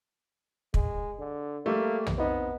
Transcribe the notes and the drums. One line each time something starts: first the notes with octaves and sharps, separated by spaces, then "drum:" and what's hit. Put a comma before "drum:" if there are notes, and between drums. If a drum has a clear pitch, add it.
G#3, drum: kick
D3
G3 A3 A#3
drum: tom
B3 C4 D#4